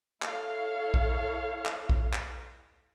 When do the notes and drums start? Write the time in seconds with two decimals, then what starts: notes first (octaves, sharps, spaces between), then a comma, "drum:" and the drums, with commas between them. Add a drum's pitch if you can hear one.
0.22 E4 A4 C#5 F5, drum: clap
0.94 drum: kick A#1
1.66 drum: clap
1.89 drum: kick A#1
2.13 drum: clap